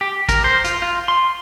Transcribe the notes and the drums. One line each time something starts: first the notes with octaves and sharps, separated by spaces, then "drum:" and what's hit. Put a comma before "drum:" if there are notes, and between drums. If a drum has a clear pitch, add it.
G4
A#4, drum: kick, hi-hat
C5
F4, drum: hi-hat
F4
C6